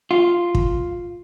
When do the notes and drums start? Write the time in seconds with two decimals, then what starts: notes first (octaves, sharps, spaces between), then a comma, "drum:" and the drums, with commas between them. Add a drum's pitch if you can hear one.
0.11 F4
0.55 drum: kick